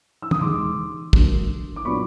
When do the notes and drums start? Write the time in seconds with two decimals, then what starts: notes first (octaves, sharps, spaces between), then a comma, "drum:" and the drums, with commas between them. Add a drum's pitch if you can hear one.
0.22 E6
0.31 D#6, drum: tom
0.41 E1 D#2 D#3 G#3 C6 D6
1.13 E1 D2 D3 F#3 A#3, drum: kick
1.76 D6
1.85 A#2 F#3 B3 D4 F4 B5 C#6